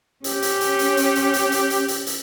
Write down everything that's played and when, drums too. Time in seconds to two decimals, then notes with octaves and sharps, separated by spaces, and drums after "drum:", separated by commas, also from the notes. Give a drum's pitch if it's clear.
0.24 C#4 G4, drum: hi-hat
0.42 drum: hi-hat
0.61 drum: hi-hat
0.79 drum: hi-hat
0.97 drum: hi-hat
1.15 drum: hi-hat
1.34 drum: hi-hat
1.52 drum: hi-hat
1.70 drum: hi-hat
1.88 drum: hi-hat
2.07 drum: hi-hat